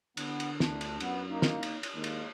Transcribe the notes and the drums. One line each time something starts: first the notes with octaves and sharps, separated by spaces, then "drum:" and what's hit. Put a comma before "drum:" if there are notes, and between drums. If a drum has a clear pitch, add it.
D3 B3, drum: cymbal
drum: cymbal
D2 D4, drum: snare
drum: cymbal
F#2 B3, drum: cymbal
A#3 D#4
drum: snare
drum: cymbal
drum: cymbal
D#2 G#3 A#3
drum: cymbal